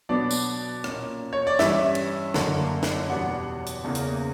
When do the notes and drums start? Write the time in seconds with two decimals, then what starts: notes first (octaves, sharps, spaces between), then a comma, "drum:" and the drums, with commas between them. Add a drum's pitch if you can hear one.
0.09 B2 F#3 B3 D4 D5
0.31 drum: tambourine
0.84 A#2 A#3 C#4, drum: rim click
1.33 C#5
1.47 D5
1.59 G2 E3 G3 C#4 E5, drum: snare
1.95 drum: cymbal
2.34 F#2 D3 A#3, drum: snare
2.83 drum: snare
3.10 E2 B2 G3 B3 D4 F#5
3.66 drum: hi-hat
3.84 E2 C#3 E3 A#3
3.95 drum: hi-hat